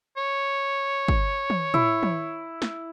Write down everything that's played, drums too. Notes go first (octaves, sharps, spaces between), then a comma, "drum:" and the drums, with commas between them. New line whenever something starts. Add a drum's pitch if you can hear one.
C#5
drum: kick
drum: tom
E4, drum: tom
drum: tom
drum: snare